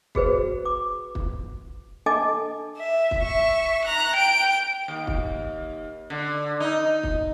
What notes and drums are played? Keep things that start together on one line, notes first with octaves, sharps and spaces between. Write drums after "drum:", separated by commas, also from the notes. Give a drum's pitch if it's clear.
F#4 G#4 B4 C5, drum: kick
D6
drum: kick
D4 A4 D#5 G#5 A5 D6
E5
drum: kick
E5 C#6
A#5 F#6
G5 D7
D#2
drum: kick
D3
D#4
drum: kick